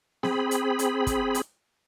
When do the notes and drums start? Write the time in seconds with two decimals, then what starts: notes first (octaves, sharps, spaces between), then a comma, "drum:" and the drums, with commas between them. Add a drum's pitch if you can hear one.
0.23 C4 G#4 B5, drum: snare B3
0.51 drum: hi-hat
0.79 drum: hi-hat
1.07 drum: kick, hi-hat
1.35 drum: hi-hat